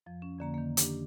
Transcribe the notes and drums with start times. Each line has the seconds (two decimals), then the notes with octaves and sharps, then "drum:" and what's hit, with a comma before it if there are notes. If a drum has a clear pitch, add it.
0.06 F2 F3
0.22 C#4
0.39 F2 D3 A#3 A#5
0.54 D#3 A#3
0.77 D4 G4, drum: hi-hat